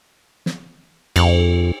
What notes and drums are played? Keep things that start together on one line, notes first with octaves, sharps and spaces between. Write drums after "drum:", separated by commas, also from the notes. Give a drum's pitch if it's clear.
drum: snare
F2, drum: cymbal